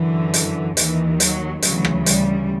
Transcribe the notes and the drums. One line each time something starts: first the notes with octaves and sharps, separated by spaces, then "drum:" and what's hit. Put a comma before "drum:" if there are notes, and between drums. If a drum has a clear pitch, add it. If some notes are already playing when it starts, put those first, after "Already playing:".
Already playing: F#2 D3 E3
drum: hi-hat
D#2 D#3 E3, drum: hi-hat
F#3, drum: hi-hat
D2 C#3 E3 F#3, drum: hi-hat
drum: rim click
G3, drum: hi-hat